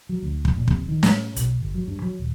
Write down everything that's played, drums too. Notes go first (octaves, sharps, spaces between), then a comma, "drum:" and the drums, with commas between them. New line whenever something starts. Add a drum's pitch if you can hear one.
F#3
D2
drum: kick
A#2
C3, drum: kick
D#3
A2, drum: snare
B1, drum: hi-hat
G1
F#3
G2
F#3
D#1